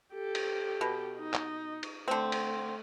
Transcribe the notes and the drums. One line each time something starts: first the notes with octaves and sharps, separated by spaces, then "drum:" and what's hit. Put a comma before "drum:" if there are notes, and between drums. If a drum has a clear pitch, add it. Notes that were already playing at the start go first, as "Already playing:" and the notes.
G4 A4
drum: cymbal
B2
D#4
drum: clap
drum: cymbal
D3 A3 C4
drum: cymbal